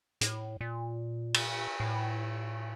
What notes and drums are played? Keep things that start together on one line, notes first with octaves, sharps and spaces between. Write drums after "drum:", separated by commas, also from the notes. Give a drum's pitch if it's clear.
A2, drum: hi-hat
A#2
drum: cymbal
A2